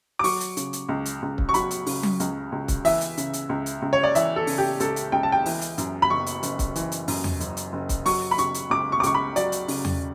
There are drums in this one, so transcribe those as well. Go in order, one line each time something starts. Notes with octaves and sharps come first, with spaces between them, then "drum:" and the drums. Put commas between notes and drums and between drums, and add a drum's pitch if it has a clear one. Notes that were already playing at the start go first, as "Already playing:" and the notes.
D6
F#3 C#6, drum: open hi-hat
drum: hi-hat
C#3, drum: hi-hat
drum: hi-hat
C#2
drum: hi-hat
C#2
drum: kick C#1
C#6
F#3 B5, drum: hi-hat
drum: hi-hat
C#3, drum: open hi-hat
drum: tom F#3
C#2, drum: hi-hat
C#2
drum: kick C#1, hi-hat
E3 E5, drum: open hi-hat
drum: hi-hat
C#3, drum: hi-hat
drum: hi-hat
C#2
drum: hi-hat
C#2
C#5
D5
E3 E5, drum: hi-hat
A4
C#3, drum: open hi-hat
G4
C#2 A4, drum: hi-hat
drum: hi-hat
C#2 G5
A5
G5
E3, drum: open hi-hat
drum: hi-hat
F#2, drum: hi-hat
B5
F#1 C#6
drum: hi-hat
F#1, drum: hi-hat
drum: kick C#1, hi-hat
E3, drum: hi-hat
drum: hi-hat
F#2, drum: open hi-hat
drum: tom E2
F#1, drum: hi-hat
drum: hi-hat
F#1
drum: kick C#1, hi-hat
F#3 C#6, drum: open hi-hat
B5
C#3 C#6, drum: hi-hat
drum: hi-hat
C#2 D6
C#6
D6
C#2 C#6, drum: hi-hat
B5
F#3 D5, drum: hi-hat
drum: hi-hat
C#3, drum: open hi-hat
drum: tom E2